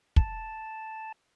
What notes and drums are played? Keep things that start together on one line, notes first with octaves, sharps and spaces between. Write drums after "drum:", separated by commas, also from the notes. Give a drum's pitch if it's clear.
A5, drum: kick